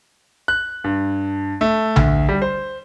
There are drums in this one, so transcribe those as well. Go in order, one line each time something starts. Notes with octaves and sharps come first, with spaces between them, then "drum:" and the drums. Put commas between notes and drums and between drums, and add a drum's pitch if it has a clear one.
F#6
G2
A3
D2, drum: tom A#1
G3
C5